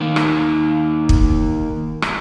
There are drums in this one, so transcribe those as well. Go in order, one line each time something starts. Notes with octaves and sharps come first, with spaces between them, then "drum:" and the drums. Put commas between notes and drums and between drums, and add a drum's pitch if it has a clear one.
D#3 A#3
drum: rim click
drum: kick
drum: rim click